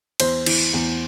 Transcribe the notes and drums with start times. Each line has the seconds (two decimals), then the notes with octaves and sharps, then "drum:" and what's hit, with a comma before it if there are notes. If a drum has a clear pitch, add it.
0.20 E2 C5, drum: cymbal
0.46 E3, drum: cymbal
0.73 E2